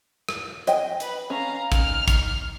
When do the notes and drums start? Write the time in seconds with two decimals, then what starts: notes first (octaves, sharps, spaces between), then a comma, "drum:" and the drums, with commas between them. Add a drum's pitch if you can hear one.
0.29 drum: rim click
0.67 D#5 G5 G#5, drum: hi-hat
1.00 B4 B5, drum: hi-hat
1.30 C#4 F5 A#5
1.72 D#4 F6, drum: kick, hi-hat
2.08 drum: kick, hi-hat